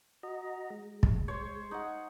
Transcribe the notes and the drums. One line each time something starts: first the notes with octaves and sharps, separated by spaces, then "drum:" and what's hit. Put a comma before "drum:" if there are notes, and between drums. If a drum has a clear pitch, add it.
F#4 D#5 A#5
G#3
drum: kick
C5 C#5
D#4 F#5